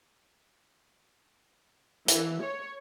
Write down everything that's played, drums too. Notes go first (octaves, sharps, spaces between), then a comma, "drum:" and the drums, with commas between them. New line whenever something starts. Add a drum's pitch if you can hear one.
E3, drum: hi-hat
C#5